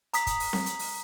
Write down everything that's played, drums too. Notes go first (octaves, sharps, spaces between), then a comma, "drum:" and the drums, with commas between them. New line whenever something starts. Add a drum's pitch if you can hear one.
A#5 D#6 B6, drum: hi-hat
drum: kick, hi-hat
drum: open hi-hat
drum: snare C4
drum: hi-hat
drum: open hi-hat